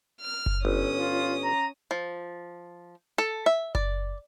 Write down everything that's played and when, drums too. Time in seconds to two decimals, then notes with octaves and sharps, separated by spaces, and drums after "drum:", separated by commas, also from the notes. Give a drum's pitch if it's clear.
0.21 F6
0.46 drum: kick F#1
0.65 G1 C#4 D#6
0.98 F4
1.44 A#5
1.91 F3
3.18 A4
3.46 E5
3.75 D5, drum: kick F#1